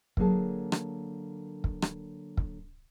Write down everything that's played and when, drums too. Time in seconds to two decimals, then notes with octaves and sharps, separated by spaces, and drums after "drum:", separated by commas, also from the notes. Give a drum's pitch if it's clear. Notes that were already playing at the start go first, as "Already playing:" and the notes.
0.17 D3 F#3 A#3 G#4 A5, drum: kick
0.72 drum: rim click
1.64 drum: kick
1.82 drum: rim click
2.37 drum: kick